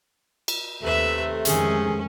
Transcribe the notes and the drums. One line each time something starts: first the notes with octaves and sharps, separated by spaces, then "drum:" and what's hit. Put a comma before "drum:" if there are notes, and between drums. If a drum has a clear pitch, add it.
drum: cymbal
D#2 C3 A3 B4 E5
F2 D#3 G#3 C#4 G#4, drum: hi-hat